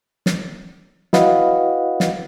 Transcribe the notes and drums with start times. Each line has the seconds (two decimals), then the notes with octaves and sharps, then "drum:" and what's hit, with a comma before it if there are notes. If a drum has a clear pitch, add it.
0.26 drum: snare
1.13 E4 F#4 B4 D#5 F5 F#5, drum: snare
2.00 drum: snare